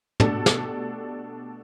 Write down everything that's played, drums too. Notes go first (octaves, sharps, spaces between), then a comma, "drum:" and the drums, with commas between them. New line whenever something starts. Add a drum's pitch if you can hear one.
B2 A3 D4 G4 A4, drum: tom
drum: snare